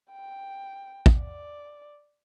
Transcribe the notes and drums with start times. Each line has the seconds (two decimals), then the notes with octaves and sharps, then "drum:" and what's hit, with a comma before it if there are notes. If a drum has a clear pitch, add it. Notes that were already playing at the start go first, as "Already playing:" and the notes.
0.12 G5
1.06 drum: kick
1.20 D5